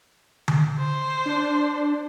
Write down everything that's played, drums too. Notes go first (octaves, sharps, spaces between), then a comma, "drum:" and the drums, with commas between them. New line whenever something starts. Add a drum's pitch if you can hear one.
drum: tom D3
C5
D4